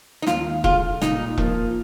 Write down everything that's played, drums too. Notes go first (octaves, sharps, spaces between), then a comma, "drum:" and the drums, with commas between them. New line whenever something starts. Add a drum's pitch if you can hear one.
D#4
D#2 F4, drum: snare
D3 G#3 F4, drum: kick E1
A#2 D#4, drum: snare
F3 A#3 F4, drum: kick E1